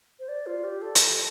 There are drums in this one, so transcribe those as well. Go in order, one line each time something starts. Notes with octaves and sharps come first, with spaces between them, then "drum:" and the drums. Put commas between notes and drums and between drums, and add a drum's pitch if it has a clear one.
C5
D5
F4
G4
A4
drum: hi-hat